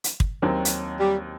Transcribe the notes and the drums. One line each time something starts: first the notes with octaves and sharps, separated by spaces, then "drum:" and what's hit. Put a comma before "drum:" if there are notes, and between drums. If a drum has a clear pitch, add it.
drum: hi-hat
drum: kick
D#2 D#3 F#3 C4
drum: hi-hat
G3